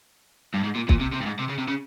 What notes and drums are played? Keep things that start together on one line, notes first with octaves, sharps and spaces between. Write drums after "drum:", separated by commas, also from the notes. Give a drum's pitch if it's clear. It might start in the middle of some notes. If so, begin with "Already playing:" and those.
G2
G#2
A#2
A#2, drum: kick
C3
C3
G2
G#2
C3
C#3
C3
C#3